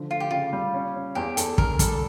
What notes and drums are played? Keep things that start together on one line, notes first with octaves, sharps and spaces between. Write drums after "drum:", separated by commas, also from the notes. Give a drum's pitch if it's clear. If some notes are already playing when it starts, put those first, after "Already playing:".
Already playing: D3 F3
A3 F4
G4
C#3 F4
G3
C#4
C#4
E2 G4
E2 A4, drum: hi-hat
D3 A#4, drum: kick
G3 A4, drum: kick, hi-hat